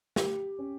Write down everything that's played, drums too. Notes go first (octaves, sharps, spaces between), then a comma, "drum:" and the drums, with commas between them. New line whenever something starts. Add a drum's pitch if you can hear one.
G4, drum: snare
C#4